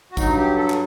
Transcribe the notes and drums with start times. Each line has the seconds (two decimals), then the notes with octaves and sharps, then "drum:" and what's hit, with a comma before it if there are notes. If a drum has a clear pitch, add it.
0.12 F#4
0.17 G2 F#3 D#4, drum: kick, tambourine
0.37 G4
0.57 A4
0.70 drum: clap